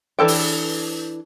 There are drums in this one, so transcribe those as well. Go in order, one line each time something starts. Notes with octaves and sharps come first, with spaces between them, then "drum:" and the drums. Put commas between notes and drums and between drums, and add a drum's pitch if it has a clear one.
E3 D4 A4 G5
drum: open hi-hat